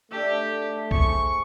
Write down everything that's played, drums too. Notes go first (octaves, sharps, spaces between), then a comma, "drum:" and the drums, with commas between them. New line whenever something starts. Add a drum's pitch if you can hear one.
A3 D4 G4 D5 E5
G#4 C5 C#6, drum: kick B1